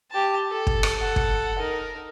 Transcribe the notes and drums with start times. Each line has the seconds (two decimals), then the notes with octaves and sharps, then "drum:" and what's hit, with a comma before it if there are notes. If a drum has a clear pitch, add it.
0.12 G4 A5
0.50 A4
0.67 drum: kick
0.83 drum: rim click
0.99 A4 F#5
1.16 drum: kick
1.58 D#4 A#4